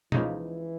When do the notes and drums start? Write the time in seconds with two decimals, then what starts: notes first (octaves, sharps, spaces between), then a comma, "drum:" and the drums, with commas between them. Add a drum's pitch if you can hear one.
0.12 C#2 C#3 E3 F3 A#3 D#4, drum: tom